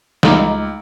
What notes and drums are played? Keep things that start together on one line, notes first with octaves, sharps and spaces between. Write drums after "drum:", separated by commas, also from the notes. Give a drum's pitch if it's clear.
C#2 G3 A3 D#4 A#5 D6, drum: snare